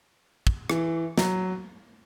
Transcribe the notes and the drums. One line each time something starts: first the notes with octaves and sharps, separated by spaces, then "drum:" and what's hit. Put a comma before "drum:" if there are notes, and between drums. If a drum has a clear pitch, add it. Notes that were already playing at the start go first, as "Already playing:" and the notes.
drum: kick
E3, drum: rim click
F#3, drum: snare